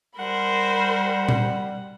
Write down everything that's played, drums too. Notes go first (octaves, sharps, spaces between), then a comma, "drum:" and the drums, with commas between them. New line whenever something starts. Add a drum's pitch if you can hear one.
G3 A#4 C5 F#5 B5
drum: tom A#2